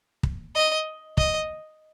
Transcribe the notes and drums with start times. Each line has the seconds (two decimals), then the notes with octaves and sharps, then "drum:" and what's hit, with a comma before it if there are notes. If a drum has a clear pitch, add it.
0.23 drum: kick
0.55 D#5
1.17 D#5, drum: kick